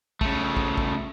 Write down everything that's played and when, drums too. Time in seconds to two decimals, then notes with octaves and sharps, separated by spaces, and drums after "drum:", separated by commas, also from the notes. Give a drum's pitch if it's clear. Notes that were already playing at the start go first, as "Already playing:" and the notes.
0.21 C#3 A3, drum: kick
0.57 drum: kick
0.78 drum: kick